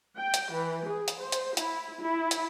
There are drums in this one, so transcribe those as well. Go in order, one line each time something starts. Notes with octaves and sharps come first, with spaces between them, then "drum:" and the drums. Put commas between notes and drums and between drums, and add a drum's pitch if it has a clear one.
G5
drum: hi-hat
E3
G#4
drum: hi-hat
C5
drum: hi-hat
E4, drum: hi-hat
E4
drum: hi-hat